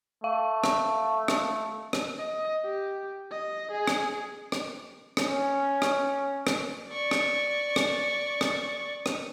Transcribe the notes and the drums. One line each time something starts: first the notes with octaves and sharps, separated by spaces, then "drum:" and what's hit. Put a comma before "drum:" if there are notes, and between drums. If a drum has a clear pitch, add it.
A3 F5
drum: rim click
drum: rim click
drum: rim click
D#5
G4
D#5
G#4
drum: rim click
drum: rim click
drum: rim click
C#4
drum: rim click
drum: rim click
D5 C#6
drum: rim click
drum: rim click
drum: rim click
drum: rim click